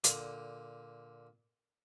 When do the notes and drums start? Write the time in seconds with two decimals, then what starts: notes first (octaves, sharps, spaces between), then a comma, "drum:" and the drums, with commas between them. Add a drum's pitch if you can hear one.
0.04 A#2 D3, drum: hi-hat